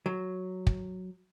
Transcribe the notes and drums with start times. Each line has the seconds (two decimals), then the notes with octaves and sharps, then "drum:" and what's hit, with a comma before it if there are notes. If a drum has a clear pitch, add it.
0.06 F#3
0.67 drum: kick